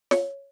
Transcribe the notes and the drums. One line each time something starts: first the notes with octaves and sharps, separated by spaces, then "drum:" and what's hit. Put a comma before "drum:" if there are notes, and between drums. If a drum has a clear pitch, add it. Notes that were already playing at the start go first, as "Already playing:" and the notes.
C#5, drum: snare